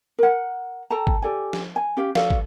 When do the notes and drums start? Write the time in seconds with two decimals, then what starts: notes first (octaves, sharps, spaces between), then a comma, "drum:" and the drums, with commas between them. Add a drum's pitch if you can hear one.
0.19 A#4 F#5
0.90 A4 G5 A5 A#5
1.07 drum: kick
1.22 G4 A4 D5 G#5
1.53 drum: snare
1.76 G#5
1.97 C#4 G4 F5
2.15 F#4 A4 D5 F5, drum: snare
2.30 drum: kick